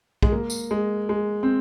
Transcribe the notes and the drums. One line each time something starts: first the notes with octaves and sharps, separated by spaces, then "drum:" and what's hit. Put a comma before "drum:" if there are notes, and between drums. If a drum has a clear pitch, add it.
G#3, drum: kick
A#3
drum: tambourine
G#3
G#3
C4